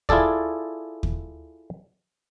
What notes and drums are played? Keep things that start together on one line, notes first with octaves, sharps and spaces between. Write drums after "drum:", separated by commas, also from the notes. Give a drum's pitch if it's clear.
E4 F4 G#4 A4 D5, drum: kick
drum: kick